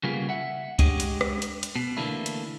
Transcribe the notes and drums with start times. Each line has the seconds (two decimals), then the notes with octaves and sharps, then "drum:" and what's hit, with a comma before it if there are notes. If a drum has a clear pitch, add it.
0.03 C#3 G3 A#3 B3 F4 G#4
0.29 E5 F#5
0.79 G#3 D4 G4 C#5 D#5, drum: kick C#2, hi-hat
1.00 drum: hi-hat
1.21 drum: rim click
1.42 drum: hi-hat
1.63 drum: hi-hat
1.76 B2
1.97 D3 E3 A3 A#3 D4 E4
2.26 drum: hi-hat